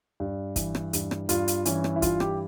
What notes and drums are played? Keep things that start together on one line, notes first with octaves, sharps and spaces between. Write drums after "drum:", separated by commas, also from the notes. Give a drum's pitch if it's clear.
G2
E3, drum: kick, hi-hat
drum: rim click
G2, drum: hi-hat
drum: rim click
G2 F4, drum: hi-hat
drum: hi-hat
E3 C#4, drum: hi-hat
drum: rim click
E4
G2 F4, drum: kick, hi-hat
G4, drum: rim click